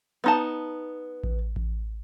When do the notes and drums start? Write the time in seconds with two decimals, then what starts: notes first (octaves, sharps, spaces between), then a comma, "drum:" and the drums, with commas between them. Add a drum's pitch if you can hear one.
0.24 B3 D#4 A5
1.24 drum: kick A1
1.56 drum: kick A1